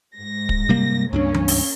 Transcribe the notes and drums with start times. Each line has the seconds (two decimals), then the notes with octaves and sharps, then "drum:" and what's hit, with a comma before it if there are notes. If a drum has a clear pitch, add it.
0.17 G#2 A#6
0.49 drum: kick
0.69 C3 G3 A#3
1.13 C#2 G2 A#3 C#4 D4
1.34 drum: tom E3
1.48 drum: open hi-hat